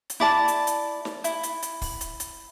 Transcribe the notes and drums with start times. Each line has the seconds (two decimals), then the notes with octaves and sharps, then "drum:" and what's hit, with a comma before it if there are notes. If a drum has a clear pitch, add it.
0.10 drum: hi-hat
0.20 E4 D5 A5
0.48 drum: hi-hat
0.67 drum: hi-hat
1.05 drum: snare
1.24 E4, drum: hi-hat
1.43 drum: hi-hat
1.62 drum: hi-hat
1.82 drum: kick, open hi-hat
2.01 drum: hi-hat
2.20 drum: hi-hat